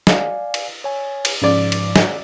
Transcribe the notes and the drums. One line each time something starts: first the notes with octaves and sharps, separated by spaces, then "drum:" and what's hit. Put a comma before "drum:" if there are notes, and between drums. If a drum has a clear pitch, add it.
D5 F5 G#5, drum: snare
drum: cymbal
C#5 G#5
drum: cymbal
G#2 C#3 F3 D5
drum: cymbal
drum: snare